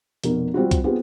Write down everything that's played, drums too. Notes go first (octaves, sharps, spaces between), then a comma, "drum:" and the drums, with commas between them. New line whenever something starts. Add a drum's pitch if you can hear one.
F1 B2 A#4, drum: hi-hat
G3 C4 F4 F#4
drum: kick C2, hi-hat
B3 C4 F4 G4 G#4